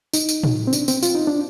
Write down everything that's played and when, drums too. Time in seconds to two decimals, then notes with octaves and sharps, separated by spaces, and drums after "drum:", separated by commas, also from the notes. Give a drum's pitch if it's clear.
0.14 D#4, drum: tambourine
0.29 drum: tambourine
0.44 drum: tom
0.67 C4
0.73 D4, drum: tambourine
0.88 C4, drum: tambourine
1.03 F4, drum: tambourine
1.15 D#4
1.27 D4